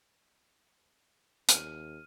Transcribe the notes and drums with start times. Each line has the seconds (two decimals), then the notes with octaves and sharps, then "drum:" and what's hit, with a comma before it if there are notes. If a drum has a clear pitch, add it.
1.49 D#2 F6 D#7, drum: hi-hat